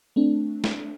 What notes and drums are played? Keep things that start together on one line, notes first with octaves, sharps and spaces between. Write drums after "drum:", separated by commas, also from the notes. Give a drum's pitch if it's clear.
A3 C4 D4
drum: snare